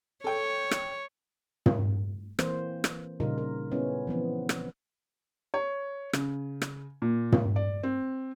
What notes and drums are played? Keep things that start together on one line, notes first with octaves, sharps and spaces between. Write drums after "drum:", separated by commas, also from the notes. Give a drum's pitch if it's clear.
A4 C#5 G5
drum: rim click
drum: tom
E3 A#3 C4 C5, drum: rim click
drum: rim click
A#2 C#3 G3 D#4 F4 A#4
A#4
G#3 B3 C#4 E4
E3 F3 B3 C4
drum: rim click
C#5
C#3, drum: rim click
drum: rim click
A#2
drum: tom
D5
C4